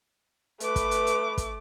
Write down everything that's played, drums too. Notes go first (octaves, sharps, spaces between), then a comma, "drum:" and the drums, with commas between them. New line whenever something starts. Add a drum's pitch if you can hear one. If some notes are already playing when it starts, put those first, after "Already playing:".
A3 B4 D6, drum: hi-hat
drum: kick, hi-hat
drum: hi-hat
drum: hi-hat
drum: kick, hi-hat